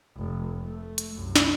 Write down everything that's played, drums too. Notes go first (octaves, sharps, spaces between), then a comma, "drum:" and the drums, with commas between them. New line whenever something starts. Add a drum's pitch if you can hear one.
F1
A3
drum: hi-hat
C2 F#2
drum: snare